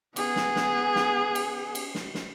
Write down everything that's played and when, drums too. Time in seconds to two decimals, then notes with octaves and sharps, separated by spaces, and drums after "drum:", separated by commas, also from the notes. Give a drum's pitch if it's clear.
0.16 B3 G#4, drum: cymbal
0.36 drum: snare
0.56 drum: snare
0.96 drum: snare
1.35 drum: cymbal
1.75 drum: cymbal
1.95 drum: snare
2.15 drum: snare